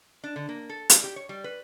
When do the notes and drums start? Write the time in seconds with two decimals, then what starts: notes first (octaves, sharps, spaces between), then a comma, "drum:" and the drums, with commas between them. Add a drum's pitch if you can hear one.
0.24 D4
0.36 D3
0.49 A#3
0.69 A4
0.90 G3, drum: hi-hat
1.04 G4
1.16 C#5
1.29 G3
1.44 B4